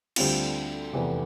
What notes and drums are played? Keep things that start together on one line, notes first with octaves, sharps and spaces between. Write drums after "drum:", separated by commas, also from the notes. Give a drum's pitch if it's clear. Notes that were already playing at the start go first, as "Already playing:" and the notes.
D2 D3 G3 C4 F4, drum: cymbal
F1 E2 C3 E3 B3